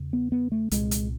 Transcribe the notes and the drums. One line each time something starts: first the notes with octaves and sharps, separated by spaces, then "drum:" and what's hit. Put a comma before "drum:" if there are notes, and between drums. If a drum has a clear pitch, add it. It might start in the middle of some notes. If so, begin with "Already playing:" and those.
Already playing: E2 C#3
B3
B3
A3
C2 A#2 G#3, drum: hi-hat
drum: hi-hat